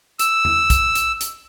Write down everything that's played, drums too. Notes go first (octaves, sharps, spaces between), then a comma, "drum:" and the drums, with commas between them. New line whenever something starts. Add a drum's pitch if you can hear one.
E6, drum: hi-hat
drum: tom E2
drum: kick B1, hi-hat
drum: hi-hat
drum: hi-hat